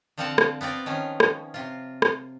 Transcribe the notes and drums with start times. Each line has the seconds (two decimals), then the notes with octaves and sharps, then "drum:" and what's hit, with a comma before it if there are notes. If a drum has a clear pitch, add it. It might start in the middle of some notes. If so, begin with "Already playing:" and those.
0.18 D3 F3 C4 F5 F#5 A5
0.38 drum: rim click
0.61 B3 C4 F4 D5
0.86 D#3 F3 C#4
1.20 drum: rim click
1.54 C3 F4
2.02 drum: rim click